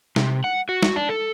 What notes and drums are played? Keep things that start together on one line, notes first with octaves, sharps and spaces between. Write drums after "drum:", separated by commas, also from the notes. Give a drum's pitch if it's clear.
C3, drum: snare
F#5
F#4
drum: snare
D4
A4